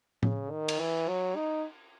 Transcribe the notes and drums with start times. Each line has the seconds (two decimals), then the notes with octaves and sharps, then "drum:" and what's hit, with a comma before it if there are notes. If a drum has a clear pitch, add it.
0.23 C#3, drum: tom A2
0.51 D#3
0.68 drum: cymbal
0.80 E3
1.08 F#3
1.36 D#4